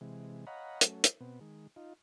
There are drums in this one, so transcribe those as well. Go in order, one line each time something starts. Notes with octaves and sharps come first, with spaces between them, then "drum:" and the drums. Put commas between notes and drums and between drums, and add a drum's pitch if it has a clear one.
C3 E3 G#3
C#5 D#5 F5 F#5 A#5 B5
F#3 A3 C#4, drum: hi-hat
drum: hi-hat
B2 B3 C4
D#3 G#3
D#4 F4